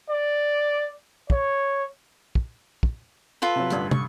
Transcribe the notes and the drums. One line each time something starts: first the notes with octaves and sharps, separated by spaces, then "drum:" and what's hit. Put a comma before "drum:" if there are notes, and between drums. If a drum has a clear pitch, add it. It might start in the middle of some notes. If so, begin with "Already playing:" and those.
D5
C#5, drum: kick
drum: kick
drum: kick
F4 A4 B4
C3 F#3
A1 G2 D3, drum: hi-hat
C#6, drum: tom